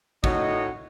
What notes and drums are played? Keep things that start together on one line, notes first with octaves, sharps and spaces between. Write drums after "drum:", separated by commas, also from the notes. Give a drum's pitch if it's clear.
A2 A3 D#4 F#4 C#5 D#5, drum: kick